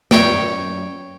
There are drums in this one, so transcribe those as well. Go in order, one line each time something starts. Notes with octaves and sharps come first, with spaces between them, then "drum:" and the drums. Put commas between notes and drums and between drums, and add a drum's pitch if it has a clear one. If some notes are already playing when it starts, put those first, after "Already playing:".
F#2 C#5 D5 G5, drum: snare